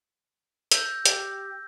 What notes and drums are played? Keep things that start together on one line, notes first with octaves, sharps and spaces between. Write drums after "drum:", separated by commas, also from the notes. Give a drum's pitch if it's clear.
E6 G6 A#6, drum: hi-hat
G4, drum: hi-hat